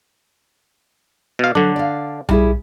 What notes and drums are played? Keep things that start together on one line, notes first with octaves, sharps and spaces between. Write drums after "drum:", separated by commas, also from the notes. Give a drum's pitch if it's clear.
B2 F5
D3 F#3 D4 A4
D5 F5
G3 E4 G#4, drum: tom B1